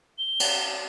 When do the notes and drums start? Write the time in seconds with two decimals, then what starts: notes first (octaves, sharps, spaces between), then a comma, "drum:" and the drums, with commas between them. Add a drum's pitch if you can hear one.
0.18 G7
0.40 drum: cymbal